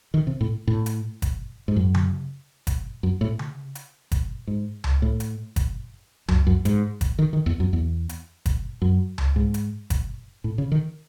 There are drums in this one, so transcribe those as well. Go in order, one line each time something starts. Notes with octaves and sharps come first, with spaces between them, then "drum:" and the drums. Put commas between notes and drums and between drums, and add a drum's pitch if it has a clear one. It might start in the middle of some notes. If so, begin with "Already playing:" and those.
D#3
C3
A2
A2
drum: hi-hat
drum: kick, hi-hat
G#2
F#2
drum: tom C#3
drum: kick, hi-hat
F#2
A2
drum: tom C#3
drum: hi-hat
drum: kick, hi-hat
G#2
drum: tom C#2
A2
drum: hi-hat
drum: kick, hi-hat
F#2, drum: tom C#2
F#2
G#2, drum: hi-hat
drum: kick, hi-hat
D#3
D#3
E2
F#2
E2
drum: hi-hat
drum: kick, hi-hat
F#2
drum: tom C#2
G#2
drum: hi-hat
drum: kick, hi-hat
A2
C#3
D#3